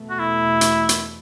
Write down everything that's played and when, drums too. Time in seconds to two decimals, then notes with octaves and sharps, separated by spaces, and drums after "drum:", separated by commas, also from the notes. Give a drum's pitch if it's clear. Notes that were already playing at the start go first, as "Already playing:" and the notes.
Already playing: E2 B2 A3
0.10 F#4
0.19 E4
0.61 drum: hi-hat
0.89 drum: hi-hat